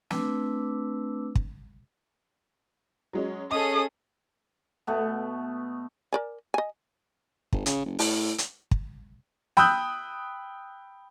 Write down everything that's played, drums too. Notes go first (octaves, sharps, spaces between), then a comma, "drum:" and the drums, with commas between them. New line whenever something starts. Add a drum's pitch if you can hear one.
A3 C4 D4 B4 D6 E6, drum: snare
drum: kick
F#3 G#3 C#4
C#4 G#4 A4 D#5 D#6
B2 A3 B3
A#4 D5 G#5
D#5 G#5
G1, drum: kick
C#3, drum: hi-hat
F#1
A2, drum: open hi-hat
drum: hi-hat
drum: kick
G5 B5 D#6 E6 F#6 G6, drum: snare